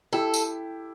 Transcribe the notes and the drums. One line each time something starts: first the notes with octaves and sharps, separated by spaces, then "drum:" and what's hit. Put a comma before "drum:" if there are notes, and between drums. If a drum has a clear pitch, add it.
E4 G4 A4
drum: tambourine